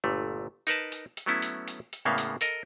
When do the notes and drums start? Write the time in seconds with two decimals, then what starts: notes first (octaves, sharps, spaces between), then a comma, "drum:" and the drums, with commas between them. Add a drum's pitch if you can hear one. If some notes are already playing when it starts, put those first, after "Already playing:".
0.04 G1 A#2 A3
0.67 D#4 A#4 B4 A5, drum: hi-hat
0.92 drum: hi-hat
1.17 drum: hi-hat
1.26 F#3 A3 B3 C#4 E4
1.42 drum: hi-hat
1.68 drum: hi-hat
1.93 drum: hi-hat
2.05 E2 A2 C#3 A#3 B3 F5
2.18 drum: hi-hat
2.41 A4 A#4 D#5, drum: hi-hat